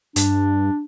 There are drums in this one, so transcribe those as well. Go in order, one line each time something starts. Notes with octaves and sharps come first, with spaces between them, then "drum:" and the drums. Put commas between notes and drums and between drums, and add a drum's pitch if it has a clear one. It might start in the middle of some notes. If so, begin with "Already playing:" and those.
G2 D4, drum: hi-hat